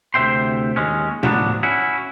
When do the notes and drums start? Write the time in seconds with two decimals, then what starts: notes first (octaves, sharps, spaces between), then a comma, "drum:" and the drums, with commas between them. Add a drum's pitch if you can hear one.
0.14 D2 C3 C5 E5 G5 C6
0.76 D#2 G#3 C#4
1.23 D2 F3 F#3 B3 C#4 D4, drum: tom A2
1.63 C#4 E4 F#4